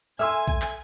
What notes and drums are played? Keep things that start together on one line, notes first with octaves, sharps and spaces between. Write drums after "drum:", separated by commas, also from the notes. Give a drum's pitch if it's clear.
A4 E5 G#5 C6 E6 F6
drum: kick A#1
drum: clap